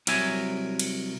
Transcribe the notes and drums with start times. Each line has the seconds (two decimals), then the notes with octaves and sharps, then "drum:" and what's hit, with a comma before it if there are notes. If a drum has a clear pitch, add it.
0.07 C2 F#3 A#4 E5 G#5, drum: cymbal
0.79 drum: cymbal